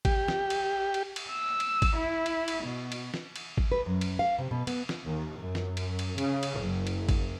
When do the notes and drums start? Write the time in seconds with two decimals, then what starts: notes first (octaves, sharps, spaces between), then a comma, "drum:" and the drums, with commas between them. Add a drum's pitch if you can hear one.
0.05 G4, drum: kick G#1, cymbal
0.28 drum: snare
0.50 drum: cymbal
0.94 drum: cymbal
1.16 drum: cymbal
1.30 E6
1.60 drum: cymbal
1.82 drum: kick G#1, cymbal
1.95 E4
2.26 drum: cymbal
2.48 drum: cymbal
2.63 B2
2.92 drum: cymbal
3.14 drum: snare
3.36 drum: cymbal
3.58 drum: kick G#1
3.72 B4
3.86 F#2
4.01 drum: cymbal
4.19 F5
4.38 C3
4.51 B2
4.67 B3, drum: cymbal
4.89 drum: snare
5.05 D#2
5.39 F#2
5.55 drum: snare
5.77 drum: cymbal
5.99 drum: cymbal
6.18 C#3, drum: cymbal
6.43 drum: cymbal
6.59 F#1
6.87 drum: cymbal
7.09 drum: kick G#1, cymbal